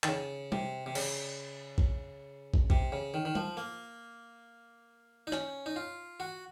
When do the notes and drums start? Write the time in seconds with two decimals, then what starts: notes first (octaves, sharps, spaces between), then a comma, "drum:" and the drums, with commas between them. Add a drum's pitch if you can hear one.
0.04 D#3, drum: clap
0.08 C#3
0.52 C3, drum: tom G3
0.86 C3
0.95 C#3, drum: cymbal
1.78 drum: kick
2.54 drum: kick
2.70 C3, drum: kick
2.92 C#3
3.14 D#3
3.25 D#3
3.35 F3, drum: tom G3
3.57 A#3
5.27 D#4
5.32 C#4, drum: rim click
5.66 D#4
5.76 F4
6.20 F#4